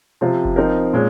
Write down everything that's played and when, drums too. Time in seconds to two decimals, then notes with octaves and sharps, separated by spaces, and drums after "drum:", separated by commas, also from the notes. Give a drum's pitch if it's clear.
0.21 C3 F3 C4 F4
0.45 drum: kick F#1
0.56 F3 C4 D#4 A#4
0.93 A#2 G#3 C#4